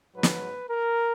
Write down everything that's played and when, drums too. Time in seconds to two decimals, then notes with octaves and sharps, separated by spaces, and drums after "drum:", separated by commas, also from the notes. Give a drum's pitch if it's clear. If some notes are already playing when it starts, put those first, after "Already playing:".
0.14 G#2 F#3 B4
0.23 drum: snare
0.69 A#4